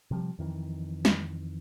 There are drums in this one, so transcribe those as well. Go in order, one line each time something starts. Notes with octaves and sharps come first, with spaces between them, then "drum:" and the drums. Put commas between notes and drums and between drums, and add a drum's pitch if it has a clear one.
C3 F3 G3
F2 D#3 E3
drum: snare